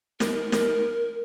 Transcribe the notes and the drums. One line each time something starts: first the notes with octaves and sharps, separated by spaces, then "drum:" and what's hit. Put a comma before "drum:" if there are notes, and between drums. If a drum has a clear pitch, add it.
A#4, drum: snare
drum: snare